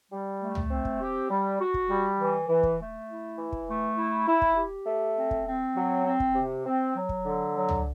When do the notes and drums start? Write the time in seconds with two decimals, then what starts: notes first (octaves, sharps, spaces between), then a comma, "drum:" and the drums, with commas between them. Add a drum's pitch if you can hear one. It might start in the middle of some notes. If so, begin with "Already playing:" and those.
0.11 G3
0.40 A3
0.55 drum: tom
0.70 C4
0.85 drum: kick
1.00 G4
1.29 G3
1.59 F#4
1.74 drum: kick
1.90 G3
2.18 E3
2.48 E3
2.63 drum: kick
2.78 A3
3.07 E4
3.38 E3
3.52 drum: kick
3.67 A3
3.96 E4
4.27 E4
4.42 drum: kick
4.56 G4
4.86 A3
5.15 C4
5.31 drum: kick
5.46 C4
5.75 F#3
6.05 C4
6.20 drum: kick
6.35 C3
6.65 C4
6.94 F#3
7.09 drum: kick
7.25 D3
7.54 F#3
7.69 drum: tom